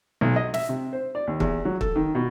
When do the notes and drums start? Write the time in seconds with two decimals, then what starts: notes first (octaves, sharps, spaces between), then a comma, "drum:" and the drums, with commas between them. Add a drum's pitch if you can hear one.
0.21 B1
0.36 D#5
0.54 E5, drum: snare
0.69 C3
0.93 C5
1.15 D5
1.27 D#2
1.40 E2, drum: kick
1.65 F#3
1.81 A4, drum: kick
1.95 D#3
2.15 B2